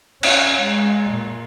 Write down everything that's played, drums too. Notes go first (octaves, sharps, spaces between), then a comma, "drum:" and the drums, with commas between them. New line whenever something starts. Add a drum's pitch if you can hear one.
C#4, drum: cymbal
G#3
A#2